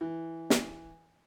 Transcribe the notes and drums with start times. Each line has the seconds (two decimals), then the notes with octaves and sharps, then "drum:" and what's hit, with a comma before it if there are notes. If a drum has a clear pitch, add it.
0.01 E3
0.50 drum: snare